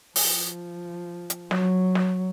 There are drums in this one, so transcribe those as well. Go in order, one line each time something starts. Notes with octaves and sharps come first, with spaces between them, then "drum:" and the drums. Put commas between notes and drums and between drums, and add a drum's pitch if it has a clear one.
F3, drum: open hi-hat
drum: hi-hat
F#3, drum: snare
drum: snare